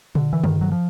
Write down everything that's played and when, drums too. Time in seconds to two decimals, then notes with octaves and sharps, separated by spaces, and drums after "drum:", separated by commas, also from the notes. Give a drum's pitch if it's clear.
0.15 D3, drum: tom A#2
0.33 E3
0.44 G2 D#3, drum: tom C#3
0.61 F#3
0.72 F3